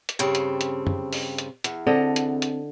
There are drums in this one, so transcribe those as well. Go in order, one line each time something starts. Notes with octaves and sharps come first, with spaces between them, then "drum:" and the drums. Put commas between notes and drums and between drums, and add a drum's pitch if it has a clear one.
drum: hi-hat
G2 C#3 C4
drum: hi-hat
drum: hi-hat
drum: tom F#2
drum: open hi-hat
drum: hi-hat
E2, drum: hi-hat
D3 C4 A4 D#5
drum: hi-hat
drum: hi-hat